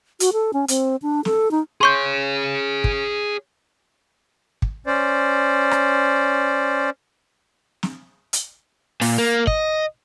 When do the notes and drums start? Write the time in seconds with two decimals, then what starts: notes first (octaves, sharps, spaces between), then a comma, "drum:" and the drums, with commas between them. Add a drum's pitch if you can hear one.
0.20 F#4, drum: hi-hat
0.33 A4
0.53 C#4
0.68 C4, drum: hi-hat
1.02 D4
1.25 A4, drum: snare
1.51 D#4
1.81 G#4 C#5 C6 C#6 G6
2.84 drum: kick
4.62 drum: kick
4.87 C#4 C5 D5
5.71 drum: rim click
7.83 drum: snare
8.33 drum: hi-hat
9.01 A#2, drum: open hi-hat
9.18 A#3
9.47 D#5, drum: kick